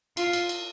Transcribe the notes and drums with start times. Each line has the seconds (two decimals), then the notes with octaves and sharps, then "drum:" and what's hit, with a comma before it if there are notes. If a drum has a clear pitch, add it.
0.17 F4, drum: cymbal
0.33 drum: cymbal
0.49 drum: cymbal